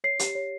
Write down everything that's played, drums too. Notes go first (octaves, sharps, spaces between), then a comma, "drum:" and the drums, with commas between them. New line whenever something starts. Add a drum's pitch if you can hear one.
C#5 C7
G4, drum: hi-hat
C#5